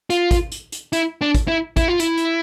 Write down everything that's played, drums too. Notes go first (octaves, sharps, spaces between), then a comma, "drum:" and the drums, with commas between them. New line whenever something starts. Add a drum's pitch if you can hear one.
F4, drum: hi-hat
drum: kick, hi-hat
drum: hi-hat
drum: hi-hat
E4, drum: hi-hat
D4
drum: kick, hi-hat
E4
E4, drum: kick, hi-hat
F4
E4, drum: hi-hat
drum: hi-hat